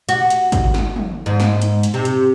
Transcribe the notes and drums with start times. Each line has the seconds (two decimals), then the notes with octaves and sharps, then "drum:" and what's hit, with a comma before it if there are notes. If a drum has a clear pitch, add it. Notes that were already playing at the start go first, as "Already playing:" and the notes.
0.09 F#4, drum: hi-hat
0.30 drum: hi-hat
0.52 drum: kick, hi-hat
0.74 drum: snare
0.96 drum: tom
1.26 G#2
1.40 drum: snare
1.62 drum: hi-hat
1.83 drum: hi-hat
1.94 C3
2.05 drum: hi-hat